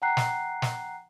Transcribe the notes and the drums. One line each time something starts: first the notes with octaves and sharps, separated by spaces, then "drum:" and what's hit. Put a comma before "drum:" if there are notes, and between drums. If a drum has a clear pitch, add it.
F#5 G5 A#5 F#6 C7
drum: snare
drum: snare